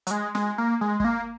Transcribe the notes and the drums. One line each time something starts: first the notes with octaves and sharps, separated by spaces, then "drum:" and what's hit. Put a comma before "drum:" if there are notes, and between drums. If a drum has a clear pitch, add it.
F#3, drum: hi-hat
G#3
G#3, drum: snare
A#3
G#3
G#3, drum: kick
A#3